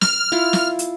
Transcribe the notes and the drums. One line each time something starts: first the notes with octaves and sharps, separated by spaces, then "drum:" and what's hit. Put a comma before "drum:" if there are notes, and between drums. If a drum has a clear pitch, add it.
F6, drum: snare
E4 F4
drum: snare
drum: hi-hat